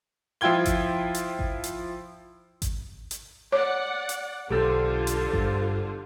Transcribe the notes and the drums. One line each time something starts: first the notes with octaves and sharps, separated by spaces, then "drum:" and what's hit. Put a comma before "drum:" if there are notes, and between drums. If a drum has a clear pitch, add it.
F3 E4 F4 G5 G#6 G7
drum: kick G#1, hi-hat
drum: hi-hat
drum: kick G#1
drum: hi-hat
drum: kick G#1, hi-hat
drum: hi-hat
C#5 D5 F#5 D6
drum: hi-hat
B1 D3 F4 G4 A4 C5
drum: hi-hat
G2, drum: kick G#1